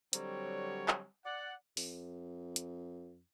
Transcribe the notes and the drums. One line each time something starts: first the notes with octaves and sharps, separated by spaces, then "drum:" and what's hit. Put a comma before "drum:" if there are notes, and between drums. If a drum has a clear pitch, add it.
D3 F#3 G3 C4 C#5, drum: hi-hat
drum: clap
D5 F#5
F2, drum: open hi-hat
drum: hi-hat